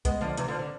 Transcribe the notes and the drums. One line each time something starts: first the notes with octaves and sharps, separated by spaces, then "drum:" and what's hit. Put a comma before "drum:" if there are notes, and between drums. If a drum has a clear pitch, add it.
G#3 B3, drum: kick B1, hi-hat
D3 F3
C3 E3, drum: hi-hat
D3 F3
D3